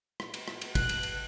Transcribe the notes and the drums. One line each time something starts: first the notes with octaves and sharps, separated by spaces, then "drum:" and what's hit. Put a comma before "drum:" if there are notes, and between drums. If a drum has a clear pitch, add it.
drum: rim click
drum: cymbal
drum: rim click
drum: cymbal
F#6, drum: kick, cymbal
drum: cymbal
drum: cymbal